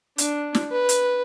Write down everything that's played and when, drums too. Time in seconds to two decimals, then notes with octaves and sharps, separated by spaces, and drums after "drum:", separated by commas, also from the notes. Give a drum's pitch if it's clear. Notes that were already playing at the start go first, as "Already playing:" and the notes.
0.18 D4, drum: hi-hat
0.55 drum: snare
0.72 B4
0.89 drum: hi-hat